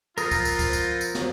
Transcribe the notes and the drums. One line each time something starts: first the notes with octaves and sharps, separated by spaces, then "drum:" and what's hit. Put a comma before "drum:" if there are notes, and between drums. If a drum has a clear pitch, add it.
F3 B3 C4 F4 A#4 D#6, drum: tambourine
drum: kick C#2, tambourine
drum: tambourine
drum: kick C#2, tambourine
drum: tambourine
drum: tambourine
drum: snare